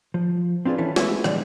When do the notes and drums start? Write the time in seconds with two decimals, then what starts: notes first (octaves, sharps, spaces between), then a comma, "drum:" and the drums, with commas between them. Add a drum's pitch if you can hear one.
0.14 F3
0.65 C4 D4 F4 G4 G#4 B4
0.78 E3 C#4 E4 A4
0.96 G#3 A3 B3 E4 E5, drum: snare
1.24 A#2 D3 E3 F3 G3 G#3, drum: rim click